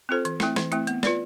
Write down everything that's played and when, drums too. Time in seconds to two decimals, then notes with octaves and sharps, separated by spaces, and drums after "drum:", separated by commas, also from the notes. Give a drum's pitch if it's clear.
0.09 C4 F4 A4 C5
0.25 E3, drum: hi-hat
0.40 A3 C4 E4, drum: snare
0.56 E3, drum: snare
0.72 A3 C4 E4, drum: hi-hat
0.87 B3, drum: hi-hat
1.03 F4 B4 D5, drum: snare